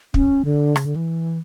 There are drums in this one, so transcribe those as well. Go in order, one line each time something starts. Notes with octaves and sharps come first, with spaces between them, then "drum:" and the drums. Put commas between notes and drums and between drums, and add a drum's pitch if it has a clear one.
C#4, drum: kick
D3
C#3, drum: rim click
D3
E3